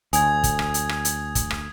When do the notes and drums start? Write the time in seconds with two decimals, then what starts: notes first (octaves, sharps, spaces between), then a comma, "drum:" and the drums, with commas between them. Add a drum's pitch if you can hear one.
0.13 D2 G#5 D#6 G#6, drum: hi-hat
0.44 drum: kick, hi-hat
0.59 drum: rim click
0.74 drum: hi-hat
0.89 drum: rim click
1.05 drum: hi-hat
1.35 drum: kick, hi-hat
1.51 drum: rim click